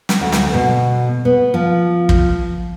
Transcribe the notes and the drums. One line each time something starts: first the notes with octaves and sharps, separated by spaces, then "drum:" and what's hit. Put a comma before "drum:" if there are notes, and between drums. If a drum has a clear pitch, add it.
drum: snare
D2
drum: snare
B2
B3
F3
drum: kick